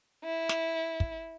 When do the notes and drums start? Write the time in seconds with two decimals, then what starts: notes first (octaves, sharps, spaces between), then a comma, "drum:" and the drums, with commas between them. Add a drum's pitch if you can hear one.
0.24 E4
0.49 drum: snare
1.00 drum: kick